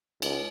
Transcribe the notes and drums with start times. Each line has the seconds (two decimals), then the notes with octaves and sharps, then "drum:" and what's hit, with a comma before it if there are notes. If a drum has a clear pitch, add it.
0.22 C#2, drum: cymbal